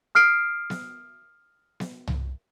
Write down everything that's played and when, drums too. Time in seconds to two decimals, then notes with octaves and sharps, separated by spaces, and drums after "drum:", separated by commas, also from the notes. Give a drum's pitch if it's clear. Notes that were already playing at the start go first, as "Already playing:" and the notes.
0.15 D#6 F6 C7 D7
0.70 drum: snare B3
1.80 drum: snare B3
2.07 drum: tom C2